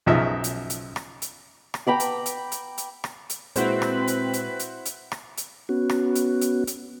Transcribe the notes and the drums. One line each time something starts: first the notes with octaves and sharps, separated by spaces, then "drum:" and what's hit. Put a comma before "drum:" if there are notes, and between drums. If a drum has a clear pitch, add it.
B1 F#2 C#3 F3 D#4 E5
drum: hi-hat
drum: hi-hat
drum: rim click
drum: hi-hat
drum: rim click
G5 A#5 B5 D6
drum: hi-hat
drum: hi-hat
drum: hi-hat
drum: hi-hat
drum: rim click
drum: hi-hat
A#2 G#3 C4 E4 F#4 B4 C5, drum: hi-hat
drum: rim click
drum: hi-hat
drum: hi-hat
drum: hi-hat
drum: hi-hat
drum: rim click
drum: hi-hat
B3 C#4 F#4
drum: rim click
drum: hi-hat
drum: hi-hat
drum: hi-hat